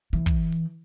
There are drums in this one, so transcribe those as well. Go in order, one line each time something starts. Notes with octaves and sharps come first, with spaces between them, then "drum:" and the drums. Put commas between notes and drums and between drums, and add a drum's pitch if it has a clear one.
E3, drum: hi-hat
drum: kick, hi-hat
drum: hi-hat